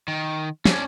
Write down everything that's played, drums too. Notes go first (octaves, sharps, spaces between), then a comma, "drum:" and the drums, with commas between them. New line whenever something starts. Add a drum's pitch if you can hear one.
D#3
C#4 D4, drum: snare